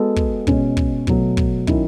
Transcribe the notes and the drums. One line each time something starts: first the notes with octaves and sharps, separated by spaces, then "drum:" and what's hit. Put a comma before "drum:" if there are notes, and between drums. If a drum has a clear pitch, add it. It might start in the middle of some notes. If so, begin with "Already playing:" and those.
Already playing: G#3 B3 F#4 A4
drum: kick
B2 G#3 C#4, drum: kick
drum: kick
B2 F#3 A3, drum: kick
drum: kick
D#3 F#3 C#4 E4, drum: kick